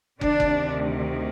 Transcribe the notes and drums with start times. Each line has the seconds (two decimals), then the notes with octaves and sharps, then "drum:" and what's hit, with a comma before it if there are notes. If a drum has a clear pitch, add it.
0.21 D2 C3 D#3 D4, drum: kick
0.40 drum: kick